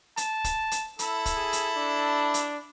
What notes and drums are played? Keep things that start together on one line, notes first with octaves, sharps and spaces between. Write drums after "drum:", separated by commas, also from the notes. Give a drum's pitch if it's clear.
A5, drum: hi-hat
drum: kick, hi-hat
drum: hi-hat
E4 A4, drum: hi-hat
drum: kick, hi-hat
G#4
drum: hi-hat
D4
drum: hi-hat